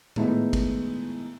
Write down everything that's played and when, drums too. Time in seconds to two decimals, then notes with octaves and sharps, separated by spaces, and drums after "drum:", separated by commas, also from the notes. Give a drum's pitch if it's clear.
0.16 D#3 G#3 A3 B3 D#4 E4, drum: tom A2
0.53 drum: kick G1, cymbal